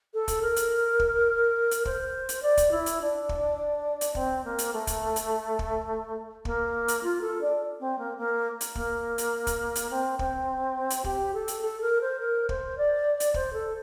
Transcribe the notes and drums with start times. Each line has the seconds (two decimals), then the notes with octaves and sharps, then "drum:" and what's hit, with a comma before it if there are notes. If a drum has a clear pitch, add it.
0.14 A4
0.28 drum: kick, hi-hat
0.42 A#4
0.56 drum: hi-hat
0.99 drum: kick
1.71 drum: hi-hat
1.85 C5, drum: kick
2.29 drum: hi-hat
2.42 D5
2.57 drum: kick, hi-hat
2.71 E4
2.86 drum: hi-hat
3.01 D4
3.29 drum: kick
4.01 drum: hi-hat
4.15 C4, drum: kick
4.44 A#3
4.58 drum: hi-hat
4.73 A3
4.87 drum: kick, hi-hat
5.16 drum: hi-hat
5.59 drum: kick
6.45 A#3, drum: kick
6.88 drum: hi-hat
7.03 F4
7.21 A4
7.41 D4
7.80 C4
7.98 A#3
8.17 A#3
8.61 drum: hi-hat
8.75 A#3, drum: kick
9.18 drum: hi-hat
9.47 drum: kick, hi-hat
9.75 drum: hi-hat
9.90 C4
10.19 C4, drum: kick
10.90 drum: hi-hat
11.04 G4, drum: kick
11.34 A4
11.48 drum: hi-hat
11.62 A4
11.81 A#4
12.01 C5
12.20 A#4
12.49 C5, drum: kick
12.78 D5
13.20 drum: hi-hat
13.34 C5, drum: kick
13.53 A4